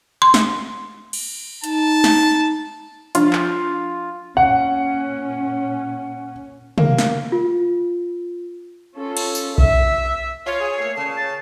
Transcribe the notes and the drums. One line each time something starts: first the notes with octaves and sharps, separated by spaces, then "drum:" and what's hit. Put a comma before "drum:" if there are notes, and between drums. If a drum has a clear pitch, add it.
C6
drum: snare
drum: cymbal
D#4 A5, drum: hi-hat
drum: snare
F3 D4 F4, drum: hi-hat
drum: clap
A#2 C#4 F#5
A#3, drum: tom
drum: snare
F4
C#4 F4 A4
drum: cymbal
drum: tambourine
E5, drum: kick B1
F4 C#5
G#4
A3 A#3 C7
A#2 C#3 A5 C7
A6